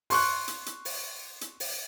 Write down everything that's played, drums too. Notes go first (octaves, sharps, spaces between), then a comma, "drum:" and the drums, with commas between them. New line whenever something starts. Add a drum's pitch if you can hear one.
C6 C#6 F#6, drum: open hi-hat
drum: hi-hat
drum: hi-hat
drum: open hi-hat
drum: hi-hat
drum: open hi-hat